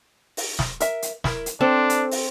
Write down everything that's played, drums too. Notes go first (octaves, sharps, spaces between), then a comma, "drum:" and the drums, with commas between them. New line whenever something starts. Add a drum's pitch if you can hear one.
drum: open hi-hat
drum: snare
A#4 E5, drum: hi-hat
drum: hi-hat
E4 A#4, drum: snare
drum: hi-hat
C4 D4 A4
drum: hi-hat
drum: open hi-hat